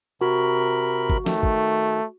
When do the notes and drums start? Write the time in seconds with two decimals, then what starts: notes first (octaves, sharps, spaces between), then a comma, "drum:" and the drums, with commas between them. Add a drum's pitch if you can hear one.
0.21 C3 F#4 A#4 B5
1.10 drum: kick
1.26 D#3 A3, drum: snare
1.43 drum: kick